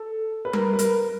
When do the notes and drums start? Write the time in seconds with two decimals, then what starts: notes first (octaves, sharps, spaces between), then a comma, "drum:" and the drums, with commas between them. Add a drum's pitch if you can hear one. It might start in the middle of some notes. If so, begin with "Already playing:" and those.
Already playing: A4
0.45 B4
0.53 A#4, drum: tom G3
0.73 B4
0.79 A#4, drum: hi-hat